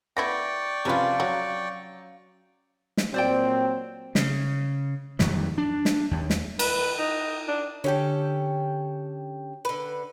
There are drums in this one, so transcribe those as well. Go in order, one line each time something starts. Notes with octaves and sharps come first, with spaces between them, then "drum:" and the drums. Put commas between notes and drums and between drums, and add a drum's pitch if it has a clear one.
A3 B3 E4 D5 G5 C#6 A#6
C3 F3 C#4 F4 B4
F#3 F#4
drum: snare
A#2 F#3 C4 C5 D5 G5
C#3, drum: snare
F2 D#3 F#3 G3, drum: snare
D4
drum: snare
D#2
drum: snare
B4, drum: cymbal
D#4
D4
D3 C#4 G4 A4 G5
D3 B4